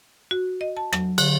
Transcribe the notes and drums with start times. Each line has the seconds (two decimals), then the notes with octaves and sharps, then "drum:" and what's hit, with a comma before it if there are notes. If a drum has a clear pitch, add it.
0.31 F#4
0.61 D#5
0.77 A5
0.93 F#3, drum: rim click
1.18 D3, drum: cymbal